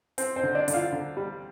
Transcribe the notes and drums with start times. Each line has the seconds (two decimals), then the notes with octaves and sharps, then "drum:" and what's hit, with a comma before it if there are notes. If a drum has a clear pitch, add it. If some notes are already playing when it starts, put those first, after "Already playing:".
0.18 C4 C5, drum: hi-hat
0.36 C4 C5
0.43 D3
0.55 D4 D5
0.68 D3, drum: hi-hat
0.73 F4 F5
0.92 D3
1.17 G3